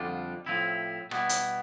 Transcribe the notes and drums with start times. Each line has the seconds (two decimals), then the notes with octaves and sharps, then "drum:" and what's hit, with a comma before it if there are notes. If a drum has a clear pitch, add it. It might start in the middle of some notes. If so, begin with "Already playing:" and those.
Already playing: F2 D3 G3 D4 F4
0.46 A2 F3 C4 E4
1.11 B2 G3 B3 E4, drum: rim click
1.29 drum: hi-hat